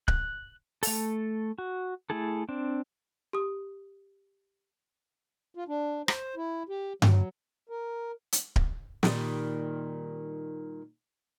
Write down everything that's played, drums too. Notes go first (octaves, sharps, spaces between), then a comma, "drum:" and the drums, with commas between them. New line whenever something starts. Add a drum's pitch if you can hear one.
F#6, drum: kick D1
A3 A4, drum: open hi-hat
F#4
A3 E4 G#4 A4
C4 D4
G4 D#6
F4
D4
C5, drum: rim click
E4
G4
F#3, drum: tom G2
A#4
drum: hi-hat
drum: kick D1
A#2 D#3 G3, drum: snare